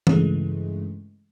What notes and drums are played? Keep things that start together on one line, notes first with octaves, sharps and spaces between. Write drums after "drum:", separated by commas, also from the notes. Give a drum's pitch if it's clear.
G2 C#3 E3 G#3 A3, drum: tom E3